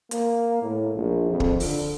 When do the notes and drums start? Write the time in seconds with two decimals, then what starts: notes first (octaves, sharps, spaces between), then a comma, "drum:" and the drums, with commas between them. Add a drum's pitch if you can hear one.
0.11 A#3, drum: hi-hat
0.62 A2
0.95 A#1
1.30 F2
1.40 drum: kick
1.60 D3, drum: open hi-hat